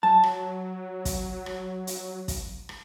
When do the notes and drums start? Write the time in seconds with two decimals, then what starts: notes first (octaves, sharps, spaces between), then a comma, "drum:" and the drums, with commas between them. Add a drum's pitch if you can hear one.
0.03 F#3 A5
0.24 drum: rim click
1.05 drum: kick, hi-hat
1.46 drum: rim click
1.87 drum: hi-hat
2.28 drum: kick, hi-hat
2.69 drum: rim click